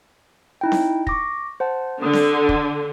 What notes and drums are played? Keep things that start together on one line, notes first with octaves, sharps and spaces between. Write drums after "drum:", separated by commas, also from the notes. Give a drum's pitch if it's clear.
D#4 E4 G5
drum: snare C4
C#6 D6 A#6, drum: kick
C5 F#5 A5
D3 D#6
drum: snare C4
drum: kick